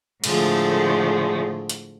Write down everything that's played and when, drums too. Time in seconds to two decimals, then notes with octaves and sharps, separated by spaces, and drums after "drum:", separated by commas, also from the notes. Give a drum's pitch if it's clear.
0.24 A2 D3 F3 G#3 A3, drum: cymbal
1.69 drum: hi-hat